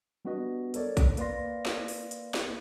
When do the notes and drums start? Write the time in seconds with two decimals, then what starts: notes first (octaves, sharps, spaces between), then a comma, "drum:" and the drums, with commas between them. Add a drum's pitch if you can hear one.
0.25 G3 B3 D4 F#4 B4 D#5
0.74 A4 A#4 C#5 D5, drum: hi-hat
0.97 drum: kick A#1, hi-hat
1.17 A#3 B4 D5 F5 C6 A#6, drum: hi-hat
1.65 drum: snare
1.88 drum: open hi-hat
2.11 drum: hi-hat
2.34 drum: snare